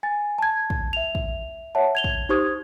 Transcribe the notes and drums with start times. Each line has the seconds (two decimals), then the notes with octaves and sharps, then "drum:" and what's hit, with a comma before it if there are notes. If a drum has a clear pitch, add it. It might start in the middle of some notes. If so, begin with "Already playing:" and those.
0.03 G#5 A6
0.39 A5 G#6
0.70 drum: kick
0.93 E5 F7
1.15 drum: kick
1.75 C#5 E5 F#5 A5
1.95 G#6 F7 G7
2.04 drum: kick
2.29 D#4 G4 C5 C#6 D#6 G#6